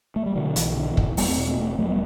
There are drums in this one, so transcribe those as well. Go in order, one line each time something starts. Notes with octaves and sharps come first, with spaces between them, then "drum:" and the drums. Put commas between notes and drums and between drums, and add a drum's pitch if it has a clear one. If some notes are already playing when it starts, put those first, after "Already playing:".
A3
G3
B2 D3 F#3
B1 E3, drum: hi-hat
B2 D3
E3
B1, drum: kick
E2 G3 B3, drum: open hi-hat
A3 C4
B2
A3 C4
E1 A3 C4
E1 F#3 A3
G3 B3